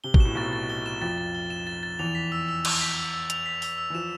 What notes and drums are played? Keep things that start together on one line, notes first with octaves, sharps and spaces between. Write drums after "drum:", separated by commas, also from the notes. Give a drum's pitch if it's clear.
C3 G7
B2, drum: kick G#1
A2 E7
B1 B2 A6
A6
G7
E7
F2 F3 A6
A6
G7
E7
A6
A6
E2 E3 F7
B6
E6
E6
F7, drum: cymbal
B6
E6
E6
F7, drum: hi-hat
B6
E6, drum: open hi-hat
E6
E3
F3 E7